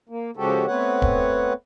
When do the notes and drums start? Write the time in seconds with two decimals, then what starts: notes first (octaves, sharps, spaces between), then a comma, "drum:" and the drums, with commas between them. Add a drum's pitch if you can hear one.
0.09 A#3
0.37 C#3 F3 G#3 F#4 G4 A4
0.67 A3 B3 C4 B4 C#5 F#5
1.02 drum: kick